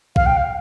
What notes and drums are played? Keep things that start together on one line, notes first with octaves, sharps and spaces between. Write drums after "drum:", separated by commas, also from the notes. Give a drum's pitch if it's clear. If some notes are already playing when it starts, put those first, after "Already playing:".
F5, drum: kick
G5
F5